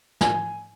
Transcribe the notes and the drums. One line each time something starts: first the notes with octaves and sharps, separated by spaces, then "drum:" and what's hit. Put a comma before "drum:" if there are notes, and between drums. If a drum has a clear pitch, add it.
G#5, drum: snare